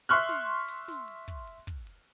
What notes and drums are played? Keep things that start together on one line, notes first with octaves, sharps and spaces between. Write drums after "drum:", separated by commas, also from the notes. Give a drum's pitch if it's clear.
E5 C6 C#6 F6 F#6, drum: hi-hat
drum: snare
drum: open hi-hat
drum: snare
drum: hi-hat
drum: kick, hi-hat
drum: hi-hat
drum: kick, hi-hat
drum: hi-hat